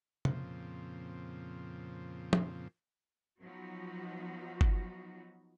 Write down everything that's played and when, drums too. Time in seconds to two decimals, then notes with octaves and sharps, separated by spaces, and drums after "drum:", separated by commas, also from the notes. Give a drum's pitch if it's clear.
0.25 F2 A#2 C#3 F3 C4, drum: tom C3
2.33 drum: tom
3.42 F3 F#3 B3 D#4 F#4
4.61 drum: kick G1